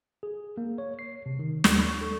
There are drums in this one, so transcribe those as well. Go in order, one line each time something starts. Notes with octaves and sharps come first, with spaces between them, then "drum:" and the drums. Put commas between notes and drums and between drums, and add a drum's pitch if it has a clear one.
G#4
A#3
C#5
C7
C3
D#3
D#2, drum: snare
C#6
A4